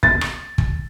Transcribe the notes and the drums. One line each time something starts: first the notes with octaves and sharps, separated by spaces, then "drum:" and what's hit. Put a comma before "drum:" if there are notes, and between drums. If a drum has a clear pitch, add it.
A6, drum: kick
drum: rim click
drum: kick